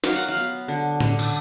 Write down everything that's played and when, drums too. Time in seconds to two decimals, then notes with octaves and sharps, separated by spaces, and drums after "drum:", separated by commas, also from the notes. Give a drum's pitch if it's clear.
0.04 F#3 F5, drum: snare
0.16 F#5
0.28 F5
0.37 B3
0.68 D3
1.00 D3, drum: tom A2
1.19 drum: cymbal